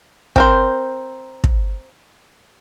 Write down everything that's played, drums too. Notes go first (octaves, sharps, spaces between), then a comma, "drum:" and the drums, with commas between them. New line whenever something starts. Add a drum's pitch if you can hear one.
C4 A#4 C5, drum: kick
drum: kick